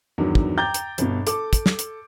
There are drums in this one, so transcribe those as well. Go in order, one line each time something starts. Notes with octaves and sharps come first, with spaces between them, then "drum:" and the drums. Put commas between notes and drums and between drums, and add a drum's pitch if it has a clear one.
E2 G2 D#3 F#3
drum: kick
G5 A#5 D6 G6 A6 G7
drum: hi-hat
G1 B2, drum: hi-hat
A4 D6, drum: hi-hat
drum: kick, hi-hat
drum: snare
drum: hi-hat